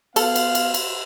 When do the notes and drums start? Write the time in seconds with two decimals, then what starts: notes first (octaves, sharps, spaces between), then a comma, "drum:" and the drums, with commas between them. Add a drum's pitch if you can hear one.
0.16 B3 A4 F5, drum: cymbal
0.35 drum: cymbal
0.55 drum: cymbal
0.74 drum: cymbal